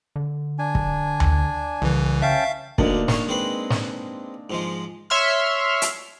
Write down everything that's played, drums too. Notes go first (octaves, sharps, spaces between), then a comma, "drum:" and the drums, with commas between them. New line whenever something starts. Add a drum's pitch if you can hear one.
D3
D4 G#5
drum: kick
drum: tom D2
C2 C#3 E3
C#4 E5 F5 G5 A5
D2 G2 D3 A#3 D4 D#4, drum: kick
F5 C#6, drum: snare
G#3 C4 B4
drum: snare
G#2 F3 G#3
C#5 E5 C6 F6
drum: hi-hat